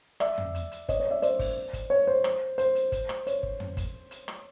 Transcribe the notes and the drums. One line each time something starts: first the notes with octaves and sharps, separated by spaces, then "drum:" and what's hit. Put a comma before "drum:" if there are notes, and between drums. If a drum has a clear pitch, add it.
D5 E5, drum: rim click
drum: tom
drum: hi-hat
drum: hi-hat
C#5 D#5, drum: kick G#1, hi-hat
C#5 D#5
D5 E5
C5 D5, drum: hi-hat
drum: kick G#1, open hi-hat
drum: kick G#1, hi-hat
C#5
C5
drum: rim click
C5, drum: hi-hat
drum: hi-hat
drum: kick G#1, hi-hat
drum: rim click
C#5, drum: hi-hat
drum: kick G#1
drum: tom
drum: kick G#1, hi-hat
drum: hi-hat
drum: rim click